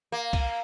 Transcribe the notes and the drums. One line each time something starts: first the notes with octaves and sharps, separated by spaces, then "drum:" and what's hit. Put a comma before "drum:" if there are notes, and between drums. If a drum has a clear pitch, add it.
A#3
drum: kick C2, cymbal